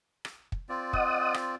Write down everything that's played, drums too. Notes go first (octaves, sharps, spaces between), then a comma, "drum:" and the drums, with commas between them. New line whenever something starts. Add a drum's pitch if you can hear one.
drum: rim click
drum: kick
C4 F4 D5
D#5 F#5 D#6, drum: kick
drum: rim click